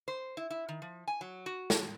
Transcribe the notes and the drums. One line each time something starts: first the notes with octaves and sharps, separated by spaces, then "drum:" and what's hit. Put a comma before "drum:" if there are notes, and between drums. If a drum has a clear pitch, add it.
C5
E4
E4
D#3
F3
G#5
F#3
F#4
drum: snare